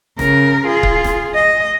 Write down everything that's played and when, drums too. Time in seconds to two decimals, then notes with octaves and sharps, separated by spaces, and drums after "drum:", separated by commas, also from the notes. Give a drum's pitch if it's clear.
0.19 C#3 A#4, drum: snare
0.66 F4 G#4
0.83 drum: kick C#1
1.04 drum: snare
1.35 D#5